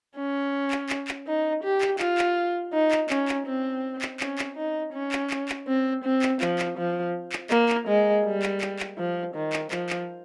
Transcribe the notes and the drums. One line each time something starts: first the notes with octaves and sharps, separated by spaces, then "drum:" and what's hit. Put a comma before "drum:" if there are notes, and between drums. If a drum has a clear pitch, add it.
C#4
drum: clap
drum: clap
drum: clap
D#4
G4
drum: clap
F4, drum: clap
drum: clap
D#4
drum: clap
C#4, drum: clap
drum: clap
C4
drum: clap
C#4, drum: clap
drum: clap
D#4
C#4
drum: clap
drum: clap
drum: clap
C4
C4
drum: clap
F3, drum: clap
drum: clap
F3
drum: clap
A#3, drum: clap
drum: clap
G#3
G3
drum: clap
drum: clap
drum: clap
F3
D#3
drum: clap
F3, drum: clap
drum: clap